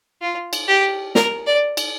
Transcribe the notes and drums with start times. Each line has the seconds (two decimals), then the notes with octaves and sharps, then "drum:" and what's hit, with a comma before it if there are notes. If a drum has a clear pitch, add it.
0.21 F4
0.53 drum: cymbal
0.68 G4
1.15 A#4, drum: snare
1.47 D5
1.77 drum: cymbal